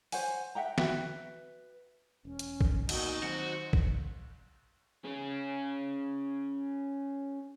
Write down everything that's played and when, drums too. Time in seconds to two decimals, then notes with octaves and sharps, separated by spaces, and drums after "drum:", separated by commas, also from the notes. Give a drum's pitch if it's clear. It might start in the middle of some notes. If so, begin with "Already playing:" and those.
0.12 C5 C#5 F#5 G#5, drum: open hi-hat
0.55 E5 F#5 G5 A#5
0.78 F#4 B4 E5 G5, drum: snare
2.25 E1 C#4
2.39 drum: hi-hat
2.61 drum: kick A1
2.89 B2 A#3 D#4 F#4, drum: cymbal
3.23 D#3 F#3 C4 F#4 C5
3.73 drum: kick A1
5.04 C#4 G#4